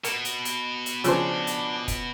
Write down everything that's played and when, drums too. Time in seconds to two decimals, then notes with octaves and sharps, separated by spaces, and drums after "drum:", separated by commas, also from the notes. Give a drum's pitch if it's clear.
0.04 B2 A#3, drum: hi-hat
0.25 drum: hi-hat
0.45 drum: hi-hat
0.86 drum: hi-hat
1.04 C#3 F3 C4 D4 C5, drum: hi-hat
1.47 drum: hi-hat
1.88 drum: kick F1, hi-hat